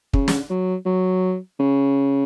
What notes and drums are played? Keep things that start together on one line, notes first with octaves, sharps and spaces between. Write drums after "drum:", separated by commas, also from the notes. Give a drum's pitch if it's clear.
C#3, drum: kick
drum: snare
F#3
F#3
C#3